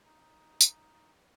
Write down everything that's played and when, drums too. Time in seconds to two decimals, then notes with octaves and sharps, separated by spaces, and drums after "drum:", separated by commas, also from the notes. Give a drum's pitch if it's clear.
0.05 D#4
0.61 drum: tambourine